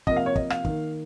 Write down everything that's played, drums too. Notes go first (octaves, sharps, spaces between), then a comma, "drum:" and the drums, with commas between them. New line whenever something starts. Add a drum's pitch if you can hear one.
C3 F3 A#3 D#5, drum: kick
F5
C#5
D#5, drum: kick
F5, drum: rim click
D#3 A#3, drum: kick